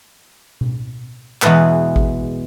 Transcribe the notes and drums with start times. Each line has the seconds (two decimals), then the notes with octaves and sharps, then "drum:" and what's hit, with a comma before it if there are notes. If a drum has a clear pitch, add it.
0.61 drum: tom B2
1.42 E2 B2 E3 G#3 B4 A5, drum: clap
1.96 drum: kick G#1